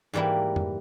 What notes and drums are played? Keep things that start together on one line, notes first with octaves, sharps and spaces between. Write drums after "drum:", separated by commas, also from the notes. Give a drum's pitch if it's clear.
G#2 E3 G3 A#3 E4
drum: tom F2